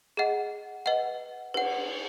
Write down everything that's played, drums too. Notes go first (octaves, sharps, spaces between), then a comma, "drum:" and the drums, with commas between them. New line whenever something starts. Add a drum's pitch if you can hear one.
G#4 D#5 F#5
B4 D#5 F#5
B4 F#5, drum: cymbal